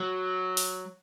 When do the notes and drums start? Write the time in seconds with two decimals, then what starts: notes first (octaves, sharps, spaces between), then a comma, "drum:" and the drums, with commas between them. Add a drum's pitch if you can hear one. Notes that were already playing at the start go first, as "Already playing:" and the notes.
Already playing: F#3
0.57 drum: open hi-hat